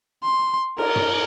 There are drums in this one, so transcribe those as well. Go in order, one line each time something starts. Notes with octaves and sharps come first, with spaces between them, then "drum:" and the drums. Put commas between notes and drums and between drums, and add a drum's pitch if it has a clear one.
C6
A#4, drum: cymbal
drum: tom